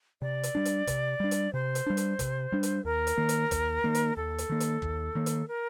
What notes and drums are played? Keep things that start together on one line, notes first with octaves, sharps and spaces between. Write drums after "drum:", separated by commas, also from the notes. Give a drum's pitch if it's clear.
C3 D5
drum: hi-hat
G3 D4
drum: hi-hat
C3, drum: kick, hi-hat
G3 D4
drum: hi-hat
C3 C5
drum: hi-hat
G3 D4
drum: hi-hat
C3, drum: kick, hi-hat
G3 D4
drum: hi-hat
D#2 A#4
drum: hi-hat
D#3 A#3
drum: hi-hat
D#2, drum: kick, hi-hat
D#3 A#3
drum: hi-hat
D#2 A4
drum: hi-hat
D#3 A#3
drum: hi-hat
D#2, drum: kick
D#3 A#3
drum: hi-hat
A#4